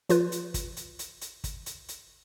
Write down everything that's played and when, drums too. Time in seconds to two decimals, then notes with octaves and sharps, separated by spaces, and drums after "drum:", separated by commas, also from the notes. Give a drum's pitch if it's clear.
0.09 F3 F4 B4, drum: hi-hat
0.32 drum: hi-hat
0.54 drum: kick, hi-hat
0.77 drum: hi-hat
0.99 drum: hi-hat
1.21 drum: hi-hat
1.44 drum: kick, hi-hat
1.66 drum: hi-hat
1.88 drum: hi-hat